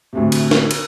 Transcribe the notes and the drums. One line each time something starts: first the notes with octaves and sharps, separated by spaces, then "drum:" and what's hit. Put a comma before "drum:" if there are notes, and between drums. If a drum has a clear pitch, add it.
D2 A2 C3
drum: cymbal
drum: snare
drum: cymbal